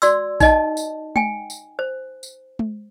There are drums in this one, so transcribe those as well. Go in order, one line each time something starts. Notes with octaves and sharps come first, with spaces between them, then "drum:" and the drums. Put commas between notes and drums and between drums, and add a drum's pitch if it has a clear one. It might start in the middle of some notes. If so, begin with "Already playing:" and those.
F#4 D5 C6 E6, drum: tambourine
D#4 D#5 A5, drum: kick A#1, tambourine
drum: tambourine
G5 G#5, drum: tom G#3
drum: tambourine
C5
drum: tambourine
drum: tom G#3